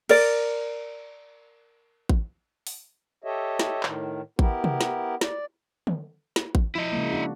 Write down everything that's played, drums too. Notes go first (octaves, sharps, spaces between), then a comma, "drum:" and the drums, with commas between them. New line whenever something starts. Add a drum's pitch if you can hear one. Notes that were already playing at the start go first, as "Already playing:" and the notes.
A#4 D5, drum: cymbal
drum: kick A1
drum: open hi-hat
G4 A4 C#5 D#5 E5
drum: snare
A2 D#3, drum: clap
B3 E4 G4 A#4, drum: kick A1
drum: tom C3
drum: snare
D5, drum: snare
drum: tom D3
drum: snare
drum: kick A1
F3 E4 D#5
C#3 G#3 A#3
D4 F#4